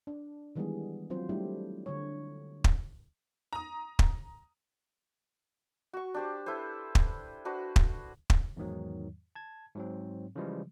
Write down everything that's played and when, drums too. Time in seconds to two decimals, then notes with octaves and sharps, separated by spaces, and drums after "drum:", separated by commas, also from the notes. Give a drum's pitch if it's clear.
0.07 D4
0.56 D#3 E3 G3 G#3 B3 G#4
1.10 F#3 C4 F4 C5
1.29 G3 A3 D4 E4 G4
1.86 D3 C#5
2.64 drum: kick
3.53 A#5 D#6
3.99 drum: kick
5.93 F#4 C#6
6.14 D4 G4 C5
6.46 E4 A4 B4 C5
6.95 drum: kick
7.45 D4 F#4 B4 C5
7.76 drum: kick
8.30 drum: kick
8.57 E2 G#2 D#3 F#3
9.35 A5 G#6
9.75 G#2 F#3 C4
10.36 C#3 E3 F3 G3 G#3